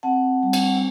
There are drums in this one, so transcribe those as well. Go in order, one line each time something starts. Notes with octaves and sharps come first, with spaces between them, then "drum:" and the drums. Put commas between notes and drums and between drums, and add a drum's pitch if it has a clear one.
C4 F#5 A5
G3
drum: cymbal